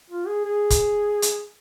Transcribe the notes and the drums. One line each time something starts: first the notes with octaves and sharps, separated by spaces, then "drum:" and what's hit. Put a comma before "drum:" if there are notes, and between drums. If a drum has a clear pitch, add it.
F4
G#4
G#4
drum: kick, hi-hat
drum: hi-hat